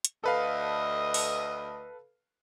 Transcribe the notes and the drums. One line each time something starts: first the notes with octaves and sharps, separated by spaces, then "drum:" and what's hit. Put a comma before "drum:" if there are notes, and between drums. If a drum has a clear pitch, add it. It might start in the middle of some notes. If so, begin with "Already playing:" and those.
drum: hi-hat
D2 A4 B4 D#5 F5
drum: open hi-hat